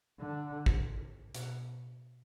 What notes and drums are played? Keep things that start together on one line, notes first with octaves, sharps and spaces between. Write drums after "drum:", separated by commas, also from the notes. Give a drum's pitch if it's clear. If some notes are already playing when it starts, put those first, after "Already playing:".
D3
drum: kick
B2, drum: hi-hat